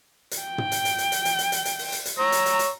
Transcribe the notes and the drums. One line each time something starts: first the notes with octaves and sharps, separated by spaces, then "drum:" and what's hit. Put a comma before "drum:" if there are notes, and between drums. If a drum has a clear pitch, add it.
drum: hi-hat
G5
drum: tom
drum: hi-hat
drum: hi-hat
drum: hi-hat
drum: hi-hat
drum: hi-hat
drum: hi-hat
drum: hi-hat
drum: hi-hat
drum: open hi-hat
drum: hi-hat
drum: hi-hat
C#5 A#5 E6
drum: hi-hat
drum: hi-hat
drum: hi-hat